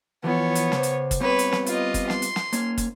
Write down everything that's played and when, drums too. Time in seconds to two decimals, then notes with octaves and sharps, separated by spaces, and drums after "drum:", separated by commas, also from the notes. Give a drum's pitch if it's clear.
0.24 E3 F3 B3 C#5
0.55 drum: hi-hat
0.72 C#3 C5, drum: snare
0.83 drum: hi-hat
1.11 drum: kick, hi-hat
1.20 G3 B3 C4 B4 C#5
1.39 drum: hi-hat
1.53 drum: snare
1.66 F4 D#5, drum: hi-hat
1.94 drum: kick, hi-hat
2.10 C6, drum: snare
2.22 drum: hi-hat
2.36 drum: snare
2.53 A#3 C#4, drum: hi-hat
2.78 drum: kick, hi-hat